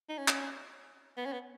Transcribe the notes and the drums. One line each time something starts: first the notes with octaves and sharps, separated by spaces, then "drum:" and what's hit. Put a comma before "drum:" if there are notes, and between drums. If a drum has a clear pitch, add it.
D#4
C#4
drum: clap
B3
C#4
B3